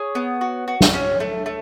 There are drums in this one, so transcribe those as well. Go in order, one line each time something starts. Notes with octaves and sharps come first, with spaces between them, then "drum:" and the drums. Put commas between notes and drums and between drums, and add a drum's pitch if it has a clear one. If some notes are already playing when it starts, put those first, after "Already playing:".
Already playing: G#4 C#5
B3
F#4
F#4
drum: snare
C#4
A3
A3